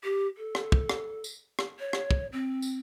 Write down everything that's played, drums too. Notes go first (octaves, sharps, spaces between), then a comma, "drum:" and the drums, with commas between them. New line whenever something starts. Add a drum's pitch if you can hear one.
G4
A4
drum: rim click
drum: kick
drum: rim click
drum: tambourine
drum: rim click
C#5
drum: rim click
drum: kick
C4
drum: tambourine